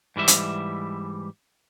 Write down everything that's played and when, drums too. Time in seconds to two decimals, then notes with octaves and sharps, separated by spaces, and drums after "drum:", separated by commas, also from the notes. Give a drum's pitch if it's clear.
0.16 G#2 E3 G3 E5
0.28 drum: hi-hat